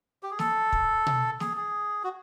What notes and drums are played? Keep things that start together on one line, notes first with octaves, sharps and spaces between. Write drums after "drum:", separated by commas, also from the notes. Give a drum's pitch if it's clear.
G4
G#4
A4, drum: snare
drum: kick
drum: tom B2
G#4, drum: snare
G#4
F#4